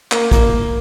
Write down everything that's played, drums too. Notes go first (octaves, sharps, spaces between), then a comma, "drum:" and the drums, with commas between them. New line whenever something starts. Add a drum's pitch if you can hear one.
A#3, drum: clap
A#3, drum: kick, hi-hat